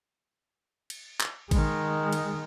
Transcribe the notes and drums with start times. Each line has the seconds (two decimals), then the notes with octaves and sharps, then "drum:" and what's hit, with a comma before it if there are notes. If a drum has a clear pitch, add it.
0.90 drum: cymbal
1.21 drum: clap
1.51 D#3 G#3, drum: kick A1, cymbal
2.13 drum: cymbal